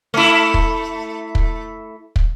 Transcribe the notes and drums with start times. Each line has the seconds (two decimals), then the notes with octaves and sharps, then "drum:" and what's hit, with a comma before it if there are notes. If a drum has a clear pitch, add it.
0.14 A3 E4
0.54 drum: kick
1.35 drum: kick
2.16 drum: kick